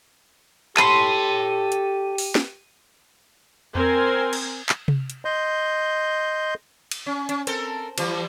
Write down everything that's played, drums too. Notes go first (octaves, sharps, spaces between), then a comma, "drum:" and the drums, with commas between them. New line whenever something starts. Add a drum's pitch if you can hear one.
G4 A4 C#5 A5 B5 C6 D#7, drum: clap
drum: hi-hat
drum: open hi-hat
drum: snare
C4 A#4 C5 G#5, drum: tom E2
drum: cymbal
drum: clap
drum: tom C3
drum: hi-hat
D#5 C6 G6
drum: cymbal
C#4
C#4, drum: hi-hat
C4 A4 A#4, drum: hi-hat
E3 F3 G3, drum: cymbal